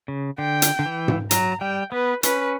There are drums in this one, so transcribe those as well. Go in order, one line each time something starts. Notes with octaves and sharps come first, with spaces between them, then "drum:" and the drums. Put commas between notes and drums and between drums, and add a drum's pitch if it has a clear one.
C#3
D3 G5
drum: hi-hat
D3
E3
drum: tom G#2
F#3 A#5, drum: hi-hat
G3 G5
B3 B4
C#4 B4, drum: hi-hat